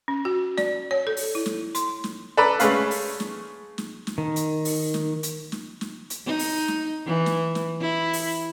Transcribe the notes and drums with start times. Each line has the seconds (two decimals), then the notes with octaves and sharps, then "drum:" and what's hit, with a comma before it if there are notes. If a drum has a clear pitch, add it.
0.08 C#4
0.25 F#4
0.57 D5, drum: snare
0.91 C#5
1.07 A4
1.17 drum: open hi-hat
1.35 E4
1.46 drum: snare
1.75 C6, drum: hi-hat
2.04 drum: snare
2.37 A4 B4 D5 A#5 B5
2.60 G#3 A3 C#4 B4 F5, drum: hi-hat
2.91 drum: open hi-hat
3.20 drum: snare
3.78 drum: snare
4.07 drum: snare
4.18 D#3
4.36 drum: hi-hat
4.65 drum: open hi-hat
4.94 drum: snare
5.23 drum: hi-hat
5.52 drum: snare
5.81 drum: snare
6.10 drum: hi-hat
6.26 D#4
6.39 drum: open hi-hat
6.68 drum: snare
7.06 E3
7.26 drum: snare
7.55 drum: snare
7.81 E4
8.13 drum: open hi-hat